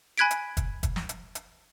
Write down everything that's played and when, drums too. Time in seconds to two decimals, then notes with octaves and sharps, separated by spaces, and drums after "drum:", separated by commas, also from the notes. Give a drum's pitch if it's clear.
0.18 G#5 B5 F#6 G#6 B6 D7
0.31 drum: hi-hat
0.57 drum: kick, hi-hat
0.83 drum: kick, hi-hat
0.96 drum: snare
1.09 drum: hi-hat
1.35 drum: hi-hat